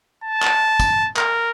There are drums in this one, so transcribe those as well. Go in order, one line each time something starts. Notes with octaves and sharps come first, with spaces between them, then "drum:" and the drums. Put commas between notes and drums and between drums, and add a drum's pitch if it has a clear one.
A5
drum: clap
drum: kick, tambourine
A#4, drum: clap